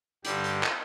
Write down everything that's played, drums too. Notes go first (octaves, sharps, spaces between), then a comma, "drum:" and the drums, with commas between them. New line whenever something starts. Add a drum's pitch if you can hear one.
G2 D3 G3 G4, drum: hi-hat
drum: hi-hat
drum: clap